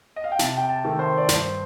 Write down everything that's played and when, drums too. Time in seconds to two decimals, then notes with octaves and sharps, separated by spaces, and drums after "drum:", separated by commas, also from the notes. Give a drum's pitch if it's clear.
0.16 D#5
0.24 F5
0.32 G5
0.39 C3 A5, drum: snare
0.57 G5
0.69 A5
0.84 D#3 A3
0.99 C5
1.17 D5
1.29 G2 C5, drum: snare